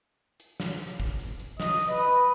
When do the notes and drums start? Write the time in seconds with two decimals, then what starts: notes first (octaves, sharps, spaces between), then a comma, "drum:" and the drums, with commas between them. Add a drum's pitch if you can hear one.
0.40 drum: hi-hat
0.60 drum: snare
0.80 drum: hi-hat
1.00 drum: kick
1.20 drum: hi-hat
1.40 drum: hi-hat
1.60 D#5, drum: snare
1.80 drum: hi-hat
1.90 B4
2.00 drum: hi-hat